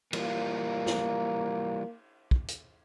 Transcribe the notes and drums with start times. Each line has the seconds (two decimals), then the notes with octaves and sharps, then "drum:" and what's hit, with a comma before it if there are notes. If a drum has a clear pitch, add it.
0.13 E3 G3 A#3 F4, drum: cymbal
0.86 drum: snare
2.31 drum: kick
2.48 drum: hi-hat